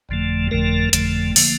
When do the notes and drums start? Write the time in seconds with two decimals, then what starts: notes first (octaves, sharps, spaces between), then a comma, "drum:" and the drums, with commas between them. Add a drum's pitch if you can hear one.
0.09 G1 F2 D3 F3 A3
0.51 G1 F2 D3 F3 A3 A#4
0.93 G1 F2 D3 F3 A3, drum: hi-hat
1.36 D3 F3 A#3, drum: open hi-hat